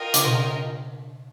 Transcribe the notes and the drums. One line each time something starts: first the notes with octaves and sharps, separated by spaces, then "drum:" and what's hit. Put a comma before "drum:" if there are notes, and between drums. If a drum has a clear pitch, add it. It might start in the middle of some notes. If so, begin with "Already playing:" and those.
Already playing: F4 A#4 D#5 G5
C#3, drum: hi-hat
B2